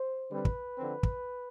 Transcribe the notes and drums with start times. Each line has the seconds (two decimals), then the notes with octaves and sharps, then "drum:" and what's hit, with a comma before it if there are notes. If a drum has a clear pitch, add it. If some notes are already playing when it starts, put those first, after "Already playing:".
Already playing: C5
0.31 D3 G3 C4 B4
0.45 drum: kick
0.78 D3 F3 C4
1.03 drum: kick